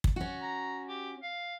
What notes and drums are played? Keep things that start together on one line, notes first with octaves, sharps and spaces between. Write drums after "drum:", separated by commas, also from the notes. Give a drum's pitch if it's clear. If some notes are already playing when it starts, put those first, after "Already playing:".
drum: kick
C#4 F#4
A#5
G4
F5